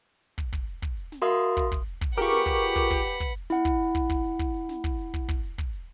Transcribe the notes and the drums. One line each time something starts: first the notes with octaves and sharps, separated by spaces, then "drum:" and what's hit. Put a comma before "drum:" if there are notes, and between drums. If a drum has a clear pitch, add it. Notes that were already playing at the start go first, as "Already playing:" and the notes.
drum: kick, hi-hat
drum: kick
drum: hi-hat
drum: kick, hi-hat
drum: hi-hat
drum: snare
F#4 A#4 E5 F5 C6 D#6
drum: hi-hat
drum: kick, hi-hat
drum: kick, hi-hat
drum: hi-hat
drum: kick, hi-hat
F4 G4 G#4 A#4 B4 F#5 C#6 D6, drum: hi-hat
drum: snare
drum: kick, hi-hat
drum: hi-hat
drum: kick, hi-hat
drum: kick
drum: hi-hat
drum: kick, hi-hat
drum: hi-hat
E4 F#5, drum: snare
drum: kick, hi-hat
drum: kick, hi-hat
drum: kick, hi-hat
drum: hi-hat
drum: kick, hi-hat
drum: hi-hat
drum: snare
drum: kick, hi-hat
drum: hi-hat
drum: kick, hi-hat
drum: kick
drum: hi-hat
drum: kick, hi-hat
drum: hi-hat